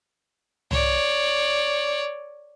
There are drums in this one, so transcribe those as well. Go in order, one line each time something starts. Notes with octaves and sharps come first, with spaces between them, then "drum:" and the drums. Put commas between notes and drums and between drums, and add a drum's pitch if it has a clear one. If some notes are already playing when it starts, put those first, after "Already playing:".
C#5 D5, drum: tom C2